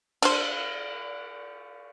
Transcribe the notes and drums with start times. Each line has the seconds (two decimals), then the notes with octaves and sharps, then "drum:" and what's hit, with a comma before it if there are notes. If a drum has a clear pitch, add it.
0.22 D4 C5, drum: cymbal